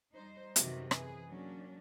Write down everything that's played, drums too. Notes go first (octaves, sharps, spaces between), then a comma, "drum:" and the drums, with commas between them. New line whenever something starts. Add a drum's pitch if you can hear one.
G3 D#4 C5
F#2 C3 D#3 E3 F#4 G4, drum: hi-hat
D#3 E3 G#4 B4, drum: rim click
F#3 A#3 C#4 D4